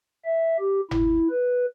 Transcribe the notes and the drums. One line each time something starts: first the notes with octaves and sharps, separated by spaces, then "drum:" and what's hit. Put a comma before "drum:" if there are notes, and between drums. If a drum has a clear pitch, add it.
E5
G4
E4, drum: tom G1
B4